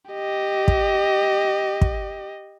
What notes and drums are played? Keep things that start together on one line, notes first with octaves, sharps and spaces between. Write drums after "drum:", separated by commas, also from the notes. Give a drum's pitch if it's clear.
G4 D#5
drum: kick
drum: kick